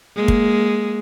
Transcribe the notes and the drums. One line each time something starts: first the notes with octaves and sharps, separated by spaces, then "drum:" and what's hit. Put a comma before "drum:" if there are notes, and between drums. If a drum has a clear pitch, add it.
G#3 A#3
drum: kick